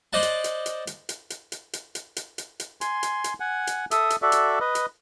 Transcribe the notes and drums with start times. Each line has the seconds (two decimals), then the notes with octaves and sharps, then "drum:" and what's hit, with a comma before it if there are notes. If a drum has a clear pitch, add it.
0.13 C5 D5 D#5 F#5 A5
0.23 drum: hi-hat
0.44 drum: hi-hat
0.66 drum: hi-hat
0.87 drum: hi-hat
1.09 drum: hi-hat
1.30 drum: hi-hat
1.52 drum: hi-hat
1.73 drum: hi-hat
1.95 drum: hi-hat
2.16 drum: hi-hat
2.38 drum: hi-hat
2.60 drum: hi-hat
2.81 G#5 C6, drum: hi-hat
3.03 drum: hi-hat
3.24 drum: hi-hat
3.40 F#5 G#5
3.67 drum: hi-hat
3.91 A4 E5 D#6, drum: hi-hat
4.10 drum: hi-hat
4.22 F#4 A4 D5 E5
4.32 drum: hi-hat
4.60 B4 D#5
4.75 drum: hi-hat